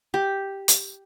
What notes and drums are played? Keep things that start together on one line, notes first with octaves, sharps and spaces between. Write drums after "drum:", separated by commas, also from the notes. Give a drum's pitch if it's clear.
G4
drum: hi-hat